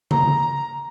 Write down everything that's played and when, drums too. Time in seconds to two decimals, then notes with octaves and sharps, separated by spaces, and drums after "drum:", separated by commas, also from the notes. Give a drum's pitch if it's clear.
0.11 A#5, drum: tom C#3